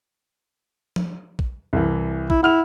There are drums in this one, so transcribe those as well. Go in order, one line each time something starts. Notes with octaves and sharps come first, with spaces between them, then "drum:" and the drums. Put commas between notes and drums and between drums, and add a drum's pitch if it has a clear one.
drum: tom F3
drum: kick
C2 E3
E4, drum: kick
E4 F#5 F6 F7